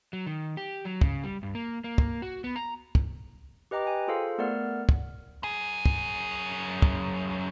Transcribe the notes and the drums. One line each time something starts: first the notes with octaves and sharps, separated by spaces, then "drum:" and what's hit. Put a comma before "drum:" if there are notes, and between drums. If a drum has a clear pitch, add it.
F#3
D#3
G4
F#3
C#3, drum: kick
G3
G2
A#3
A#3
drum: kick
F#4
B3
A#5
drum: kick
G4 B4 D#5 G5 A#5 D6
G5 G#5
F4 G#4 A4 C5 F5
A3 B3 A#4 D5 F#5 F6
drum: kick
F#2 G#4
drum: kick
drum: kick